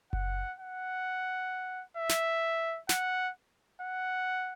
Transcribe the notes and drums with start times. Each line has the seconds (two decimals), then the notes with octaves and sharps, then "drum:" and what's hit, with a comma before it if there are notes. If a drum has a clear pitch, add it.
0.13 F#5, drum: kick F#1
0.59 F#5
1.97 E5
2.10 drum: snare
2.89 F#5, drum: snare
3.82 F#5